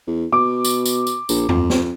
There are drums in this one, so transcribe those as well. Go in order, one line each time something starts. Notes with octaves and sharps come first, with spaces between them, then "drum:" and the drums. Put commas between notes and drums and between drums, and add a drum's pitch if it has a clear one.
E2
B2 D6
drum: tambourine
drum: tambourine
drum: tambourine
A#1, drum: tambourine
F2, drum: tom E2
drum: snare